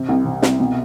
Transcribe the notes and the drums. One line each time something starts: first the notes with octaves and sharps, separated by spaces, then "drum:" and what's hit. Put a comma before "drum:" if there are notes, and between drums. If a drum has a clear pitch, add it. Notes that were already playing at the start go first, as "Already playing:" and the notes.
Already playing: C3
C2
C3
C2, drum: snare
B2